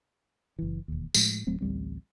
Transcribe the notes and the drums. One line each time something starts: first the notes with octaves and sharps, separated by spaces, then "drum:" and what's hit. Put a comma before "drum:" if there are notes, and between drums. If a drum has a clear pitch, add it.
F#1 E3
E1 D#2
A2 F3 G#3, drum: tambourine
D1 F#3 A3 C4
A1 D2 G3 C4